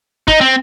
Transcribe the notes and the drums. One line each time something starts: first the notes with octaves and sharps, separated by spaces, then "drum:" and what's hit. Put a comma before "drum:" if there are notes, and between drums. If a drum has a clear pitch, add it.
D#4, drum: kick
C4